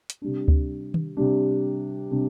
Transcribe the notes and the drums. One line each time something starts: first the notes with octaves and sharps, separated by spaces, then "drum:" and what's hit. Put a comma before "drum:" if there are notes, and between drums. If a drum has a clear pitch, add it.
drum: hi-hat
C3 G3 D4
drum: kick D2
drum: tom D#3
C3 G3 D4
C3 G3 D4